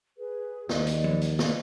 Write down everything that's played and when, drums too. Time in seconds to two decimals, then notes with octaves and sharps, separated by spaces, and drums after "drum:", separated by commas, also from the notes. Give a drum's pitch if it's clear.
0.18 G#4 B4
0.69 D#2 D5 D#5, drum: snare
0.87 drum: hi-hat
1.04 drum: tom F3
1.21 drum: hi-hat
1.39 drum: snare